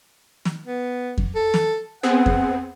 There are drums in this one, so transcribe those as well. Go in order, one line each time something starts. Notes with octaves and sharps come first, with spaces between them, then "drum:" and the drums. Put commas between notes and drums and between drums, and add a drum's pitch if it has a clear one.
drum: snare
B3
drum: kick F2
A4
drum: snare
B3 C4 G#4 F#5
drum: kick F2